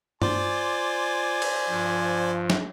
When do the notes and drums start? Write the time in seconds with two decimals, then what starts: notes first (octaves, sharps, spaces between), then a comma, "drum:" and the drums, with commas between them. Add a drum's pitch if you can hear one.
0.22 F4 C5 D5 G#5 D6, drum: tom G2
1.42 drum: cymbal
1.69 G2 F3
2.50 drum: snare